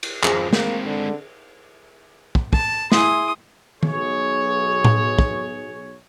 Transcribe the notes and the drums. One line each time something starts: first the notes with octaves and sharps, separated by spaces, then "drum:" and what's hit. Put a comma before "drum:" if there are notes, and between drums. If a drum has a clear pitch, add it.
drum: cymbal
F#2 F3 C4 G#4, drum: clap
G#3 A#3 C4, drum: snare
D3
drum: kick
A5, drum: kick
E4 G#4 C6 D#6, drum: snare
B1 G#4 C#5, drum: tom
drum: tom A2
drum: kick